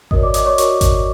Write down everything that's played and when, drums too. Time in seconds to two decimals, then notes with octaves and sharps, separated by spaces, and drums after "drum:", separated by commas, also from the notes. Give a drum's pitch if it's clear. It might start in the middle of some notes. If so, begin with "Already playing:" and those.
0.11 F#4 A#4 C#5 D#5 D#6, drum: kick G#1
0.22 D5 D6
0.34 D#5 D#6, drum: hi-hat
0.46 C#5 C#6
0.58 F#4 A#4 C#5, drum: hi-hat
0.81 drum: kick G#1, hi-hat